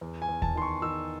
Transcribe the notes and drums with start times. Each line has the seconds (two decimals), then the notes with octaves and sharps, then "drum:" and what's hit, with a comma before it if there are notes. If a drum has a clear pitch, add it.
0.01 E2
0.22 G#5
0.29 E2
0.42 A5, drum: kick D#2
0.55 D#3 C6
0.62 C#6
0.82 D#3 E6